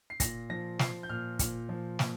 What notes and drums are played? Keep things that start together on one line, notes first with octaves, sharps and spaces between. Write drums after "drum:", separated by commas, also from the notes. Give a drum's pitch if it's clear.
C7
A#2 A#6, drum: kick, hi-hat
F3 A#6
F3 C7, drum: snare
G6
A#2 F6
A#2, drum: kick, hi-hat
F3
A#2, drum: snare